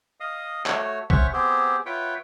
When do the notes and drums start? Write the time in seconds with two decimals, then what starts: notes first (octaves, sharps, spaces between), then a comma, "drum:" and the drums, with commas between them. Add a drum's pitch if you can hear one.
0.20 D#5 F5 D#6
0.66 A3 F#4 C#5, drum: clap
1.10 C#4 C5 C#5 E5 F#5 C#6, drum: kick
1.33 B3 C4 G4 G#4 C5
1.86 F4 B4 C#5 E5 F#5 G5